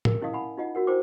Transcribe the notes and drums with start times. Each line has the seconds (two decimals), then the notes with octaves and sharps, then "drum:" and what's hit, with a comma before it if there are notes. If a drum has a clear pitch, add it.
0.05 A#4, drum: tom
0.22 C#4 E4 D#5 F5 D#6
0.33 F#5 G#5 B5
0.57 D#4 F4 D#5 F#5
0.75 F#4 A#4 F#5
0.87 E4 F#4 A#4 C5 G5 D6